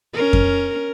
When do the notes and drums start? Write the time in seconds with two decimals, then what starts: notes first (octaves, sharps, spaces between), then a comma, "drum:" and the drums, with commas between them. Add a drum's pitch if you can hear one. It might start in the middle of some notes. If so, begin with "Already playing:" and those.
0.13 C#4 A#4
0.33 drum: kick F2